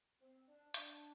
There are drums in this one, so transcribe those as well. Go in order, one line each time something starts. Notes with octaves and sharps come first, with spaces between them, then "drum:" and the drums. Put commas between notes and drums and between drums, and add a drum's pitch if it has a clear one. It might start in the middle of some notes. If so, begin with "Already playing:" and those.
C4
D4
D4, drum: hi-hat